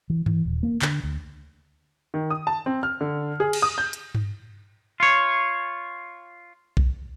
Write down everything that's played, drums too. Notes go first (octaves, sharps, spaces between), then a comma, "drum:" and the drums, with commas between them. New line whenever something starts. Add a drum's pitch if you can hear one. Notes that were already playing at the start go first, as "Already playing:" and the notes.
E3
E3, drum: tom G2
D#1
A#3
D3, drum: clap
D2
D#3
D#6
A5
C4
F6
D3
G#4
drum: cymbal
D#6
G6
drum: hi-hat
drum: tom G2
F4 C#5
drum: kick